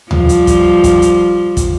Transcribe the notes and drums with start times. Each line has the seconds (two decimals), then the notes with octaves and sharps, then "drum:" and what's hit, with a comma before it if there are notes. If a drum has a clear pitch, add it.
0.11 F3 G3, drum: tom D2
0.29 drum: hi-hat
0.47 drum: kick, hi-hat
0.84 drum: kick, hi-hat
1.02 drum: hi-hat
1.57 drum: kick, hi-hat